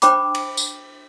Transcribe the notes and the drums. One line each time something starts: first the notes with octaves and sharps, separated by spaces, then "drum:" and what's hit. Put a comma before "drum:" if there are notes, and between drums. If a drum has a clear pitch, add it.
D4 C5 G5 B5 D6, drum: hi-hat
drum: cymbal
drum: tambourine